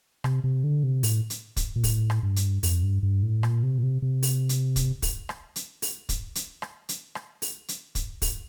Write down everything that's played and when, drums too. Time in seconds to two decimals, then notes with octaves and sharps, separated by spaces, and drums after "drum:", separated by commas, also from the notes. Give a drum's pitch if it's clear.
0.24 C3, drum: rim click
0.44 C3
0.64 D3
0.83 C3
1.03 A2, drum: open hi-hat
1.30 drum: hi-hat
1.57 drum: kick, hi-hat
1.76 A#2
1.84 A2, drum: kick, open hi-hat
2.10 drum: rim click
2.23 G2
2.36 drum: hi-hat
2.63 F2, drum: open hi-hat
2.83 G2
3.03 G2
3.23 A2
3.43 A#2, drum: rim click
3.63 C3
3.78 A#2
3.83 C3
4.02 C3
4.23 drum: open hi-hat
4.49 drum: hi-hat
4.76 drum: kick, hi-hat
5.02 drum: kick, open hi-hat
5.29 drum: rim click
5.56 drum: hi-hat
5.82 drum: open hi-hat
6.09 drum: kick, hi-hat
6.35 drum: hi-hat
6.62 drum: rim click
6.89 drum: hi-hat
7.15 drum: rim click
7.42 drum: open hi-hat
7.68 drum: hi-hat
7.95 drum: kick, hi-hat
8.22 drum: kick, open hi-hat